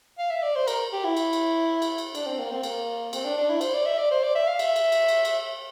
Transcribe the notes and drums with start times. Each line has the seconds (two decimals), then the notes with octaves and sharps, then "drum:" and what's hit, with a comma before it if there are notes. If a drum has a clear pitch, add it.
0.18 F5
0.30 E5
0.43 D5
0.56 C5
0.68 A#4, drum: cymbal
0.93 G4
1.04 E4
1.17 drum: cymbal
1.33 drum: cymbal
1.82 drum: cymbal
1.98 drum: cymbal
2.15 D4, drum: cymbal
2.27 C4
2.39 A#3
2.51 C4
2.63 A#3, drum: cymbal
3.13 C4, drum: cymbal
3.25 D4
3.37 D4
3.50 E4
3.61 C5, drum: cymbal
3.74 D5
3.86 E5
3.98 D5
4.11 C5
4.23 D5
4.35 E5
4.47 F5
4.59 E5, drum: cymbal
4.76 drum: cymbal
4.92 drum: cymbal
5.08 drum: cymbal
5.25 drum: cymbal